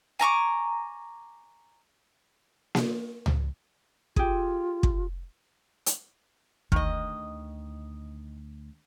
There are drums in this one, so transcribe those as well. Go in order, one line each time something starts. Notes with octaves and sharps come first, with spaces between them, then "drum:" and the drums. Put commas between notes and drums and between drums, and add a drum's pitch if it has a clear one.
G#5 A#5 C#6 D6
drum: snare A#3
drum: tom C#2
F4 G4 G#4, drum: kick
drum: kick
drum: hi-hat
D2 D#3 D#5, drum: kick